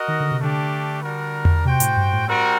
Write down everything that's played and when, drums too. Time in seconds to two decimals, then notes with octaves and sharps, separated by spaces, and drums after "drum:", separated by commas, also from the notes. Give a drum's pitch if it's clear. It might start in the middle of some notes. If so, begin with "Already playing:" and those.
Already playing: F#4 A#4 D#5 F#5
0.08 D#3
0.20 D3
0.31 C3
0.39 D3 A3 D4 G4
1.02 G3 D4 F#4 A#4
1.45 drum: tom E2
1.65 C3 F#4 C5 G5
1.80 A2, drum: hi-hat
1.96 G2
2.12 A2
2.27 G3 C4 F#4 A#4